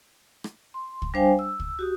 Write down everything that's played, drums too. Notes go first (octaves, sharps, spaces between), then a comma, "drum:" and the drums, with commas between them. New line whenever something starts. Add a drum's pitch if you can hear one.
drum: rim click
C6
drum: kick
G3 D4 C5 F5 G5 G#5
E6
drum: kick
F#4 G4 D#6